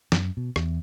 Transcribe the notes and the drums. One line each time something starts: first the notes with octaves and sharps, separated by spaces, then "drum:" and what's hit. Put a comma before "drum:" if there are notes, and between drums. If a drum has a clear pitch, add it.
F#2, drum: snare
B2
E2, drum: rim click